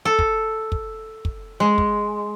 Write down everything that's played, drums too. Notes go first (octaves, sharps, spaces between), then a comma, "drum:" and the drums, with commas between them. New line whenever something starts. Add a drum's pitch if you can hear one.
A4
drum: kick
drum: kick
drum: kick
G#3
drum: kick